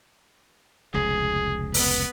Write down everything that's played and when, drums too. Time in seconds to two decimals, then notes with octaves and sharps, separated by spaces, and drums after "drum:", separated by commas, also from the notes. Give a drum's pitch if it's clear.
0.94 F1 C#2 B2 G#4
1.74 B3 B4, drum: open hi-hat